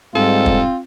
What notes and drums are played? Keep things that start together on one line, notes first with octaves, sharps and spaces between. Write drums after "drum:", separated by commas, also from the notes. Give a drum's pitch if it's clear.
G#2 G3 C4 F4 A4
drum: kick